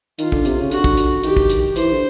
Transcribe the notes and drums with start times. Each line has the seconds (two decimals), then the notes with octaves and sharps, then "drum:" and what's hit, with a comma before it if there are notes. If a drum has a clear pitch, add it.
0.19 D#3 F4, drum: hi-hat
0.32 D3, drum: kick
0.45 C3, drum: hi-hat
0.59 C#3
0.71 D3 F#4, drum: hi-hat
0.84 drum: kick
0.97 drum: hi-hat
1.23 D#3 G4, drum: hi-hat
1.37 drum: kick
1.50 drum: hi-hat
1.76 E3 C5, drum: hi-hat
1.92 D3